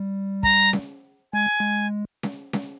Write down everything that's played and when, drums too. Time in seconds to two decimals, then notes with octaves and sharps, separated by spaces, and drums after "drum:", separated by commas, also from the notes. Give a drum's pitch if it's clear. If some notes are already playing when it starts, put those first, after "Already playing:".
Already playing: G3
0.43 A#5, drum: kick
0.73 drum: snare C#4
1.33 G#3 G#5
1.60 G#3
2.23 drum: snare C#4
2.53 drum: snare C#4